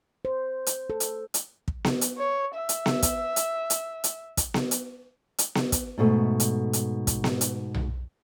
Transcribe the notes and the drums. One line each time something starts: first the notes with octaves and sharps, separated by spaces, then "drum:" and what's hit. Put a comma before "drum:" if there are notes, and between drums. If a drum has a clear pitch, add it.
C5
drum: hi-hat
A4
drum: hi-hat
drum: hi-hat
drum: kick
drum: snare B3
drum: hi-hat
C#5
E5
drum: hi-hat
drum: snare B3
drum: kick, hi-hat
drum: hi-hat
drum: hi-hat
drum: hi-hat
drum: kick, hi-hat
drum: snare B3
drum: hi-hat
drum: hi-hat
drum: snare B3
drum: kick, hi-hat
G#2 B2 A3
drum: hi-hat
drum: hi-hat
drum: kick, hi-hat
drum: snare B3
drum: hi-hat
drum: tom B1